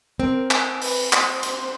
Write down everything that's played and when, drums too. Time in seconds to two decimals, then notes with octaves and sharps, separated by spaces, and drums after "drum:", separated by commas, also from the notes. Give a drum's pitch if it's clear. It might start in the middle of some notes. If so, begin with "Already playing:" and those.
0.20 C4 A#4
0.51 drum: clap
0.82 B4, drum: open hi-hat
1.13 C5, drum: clap
1.43 drum: hi-hat